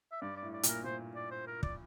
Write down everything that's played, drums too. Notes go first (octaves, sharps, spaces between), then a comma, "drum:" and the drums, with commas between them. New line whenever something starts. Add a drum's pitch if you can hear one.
E5
G2 D5
D5
A2
D5
A#2, drum: hi-hat
A#4
A#2 C5
D5
C5
A#4
D5, drum: kick